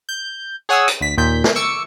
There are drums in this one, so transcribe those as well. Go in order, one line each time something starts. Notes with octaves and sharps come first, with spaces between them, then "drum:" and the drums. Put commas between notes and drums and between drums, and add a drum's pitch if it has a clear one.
G6
G#4 C#5 F#5 G#5 D#6 E6
drum: hi-hat
D2 B6
D#2 A#2 G6 B6
drum: snare
C#6 D6 E6 C#7